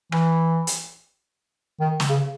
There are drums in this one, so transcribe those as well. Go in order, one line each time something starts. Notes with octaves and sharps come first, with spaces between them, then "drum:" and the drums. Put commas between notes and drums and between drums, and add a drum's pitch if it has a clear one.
E3, drum: rim click
drum: hi-hat
D#3
drum: snare
C#3